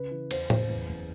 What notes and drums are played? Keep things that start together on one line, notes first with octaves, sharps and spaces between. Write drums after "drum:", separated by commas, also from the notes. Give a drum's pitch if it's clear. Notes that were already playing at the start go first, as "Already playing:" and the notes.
Already playing: C#3 B4
E3
E2 C5, drum: cymbal
F#1 C5, drum: tom A2
E2
F#1